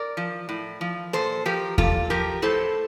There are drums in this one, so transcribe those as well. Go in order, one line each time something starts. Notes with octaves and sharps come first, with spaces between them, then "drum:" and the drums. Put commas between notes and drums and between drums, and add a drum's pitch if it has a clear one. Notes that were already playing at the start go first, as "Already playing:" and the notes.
Already playing: A#4 D5
F3
A2
F3
A#2 A4 C5
F3 G4 A#4
A#2 F4 A4, drum: kick E2
F3 G4 A#4
A2 A4 C5